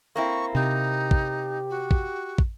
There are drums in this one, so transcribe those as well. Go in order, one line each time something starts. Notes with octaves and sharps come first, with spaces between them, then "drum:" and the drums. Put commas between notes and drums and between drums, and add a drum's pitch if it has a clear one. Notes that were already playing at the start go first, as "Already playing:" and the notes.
A#3 C4 E4 C#6
C3 D#4 G4
drum: kick
F#4
drum: kick
drum: kick